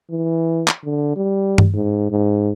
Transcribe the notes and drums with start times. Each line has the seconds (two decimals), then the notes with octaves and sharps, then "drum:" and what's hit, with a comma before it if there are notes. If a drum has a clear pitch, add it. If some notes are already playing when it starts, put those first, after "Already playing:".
0.10 E3
0.68 drum: clap
0.84 D3
1.16 G3
1.58 drum: tom G2
1.74 G#2
2.11 G#2